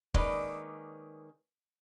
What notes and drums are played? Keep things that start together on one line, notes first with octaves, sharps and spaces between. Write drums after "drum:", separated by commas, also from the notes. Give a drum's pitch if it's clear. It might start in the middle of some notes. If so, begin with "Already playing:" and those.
D#3 G#3 A#3 C#4 B4 D5, drum: kick